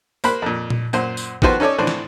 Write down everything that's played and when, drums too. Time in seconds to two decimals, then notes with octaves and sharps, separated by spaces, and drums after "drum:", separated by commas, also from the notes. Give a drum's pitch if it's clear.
0.24 A#3 C5 B5 F#6, drum: tambourine
0.42 F2 A#2
0.70 drum: tom A#2
0.93 F#2 A#2 C5, drum: tambourine
1.17 drum: tambourine
1.42 D#3 F3 B3 F#4 B4 C5, drum: kick
1.60 C#4 D#4 A4 C#5 D5
1.78 A2 E3 D4 C5
1.87 drum: snare